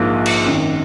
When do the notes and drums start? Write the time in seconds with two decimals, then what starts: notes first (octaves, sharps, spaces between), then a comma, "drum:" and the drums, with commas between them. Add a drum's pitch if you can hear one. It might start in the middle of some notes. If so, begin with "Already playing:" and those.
Already playing: A#1 G#2 F3 A#3 F4
0.26 drum: cymbal
0.45 G#1 F#2 D#3